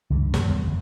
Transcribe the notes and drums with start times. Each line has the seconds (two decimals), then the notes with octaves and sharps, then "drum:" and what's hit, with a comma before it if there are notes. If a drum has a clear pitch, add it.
0.10 C#2 G2 D3
0.34 G2 C3 D#3 F3, drum: snare
0.48 E2 G3 A3 B3
0.67 F1 D3